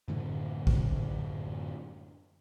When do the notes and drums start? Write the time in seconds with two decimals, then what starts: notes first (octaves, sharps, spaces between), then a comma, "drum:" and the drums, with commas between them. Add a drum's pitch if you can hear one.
0.08 F#2 A2 D3 E3
0.67 drum: kick